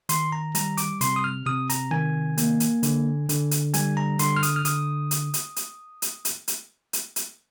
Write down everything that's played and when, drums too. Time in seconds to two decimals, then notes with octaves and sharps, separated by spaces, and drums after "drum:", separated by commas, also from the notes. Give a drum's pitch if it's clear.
0.09 D#3 C6, drum: hi-hat
0.32 A#5
0.55 G3 A#5, drum: hi-hat
0.77 D6, drum: hi-hat
1.01 C3 C6, drum: hi-hat
1.16 D#6
1.24 F6
1.46 C3 D#6
1.70 A#5, drum: hi-hat
1.91 D#3 G#5
2.38 A#3, drum: hi-hat
2.60 drum: hi-hat
2.83 D3, drum: hi-hat
3.29 D3, drum: hi-hat
3.51 drum: hi-hat
3.74 G3 G#5, drum: hi-hat
3.97 A#5
4.19 D3 C6, drum: hi-hat
4.36 F6
4.43 D#6, drum: hi-hat
4.56 F6
4.65 D3 D#6, drum: hi-hat
5.11 drum: hi-hat
5.34 drum: hi-hat
5.56 drum: hi-hat
6.02 drum: hi-hat
6.25 drum: hi-hat
6.48 drum: hi-hat
6.93 drum: hi-hat
7.16 drum: hi-hat